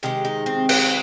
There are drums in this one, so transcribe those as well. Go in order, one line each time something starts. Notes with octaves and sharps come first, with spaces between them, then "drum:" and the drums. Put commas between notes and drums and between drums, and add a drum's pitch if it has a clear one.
C3 D#3 G#3 G4
D#4
C4
C4, drum: cymbal